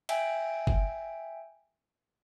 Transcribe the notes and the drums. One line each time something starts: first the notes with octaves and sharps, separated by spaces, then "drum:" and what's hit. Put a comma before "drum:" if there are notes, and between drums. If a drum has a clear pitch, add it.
E5 G5 G#5, drum: cymbal
drum: kick F#1